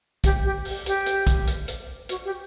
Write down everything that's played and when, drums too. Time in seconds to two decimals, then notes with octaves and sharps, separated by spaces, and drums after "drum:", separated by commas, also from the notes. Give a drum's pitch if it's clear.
0.24 G4, drum: kick, hi-hat
0.44 G4
0.65 drum: open hi-hat
0.86 G4, drum: hi-hat
1.06 drum: hi-hat
1.27 drum: kick, hi-hat
1.47 drum: hi-hat
1.68 drum: hi-hat
2.09 F#4, drum: hi-hat
2.24 G4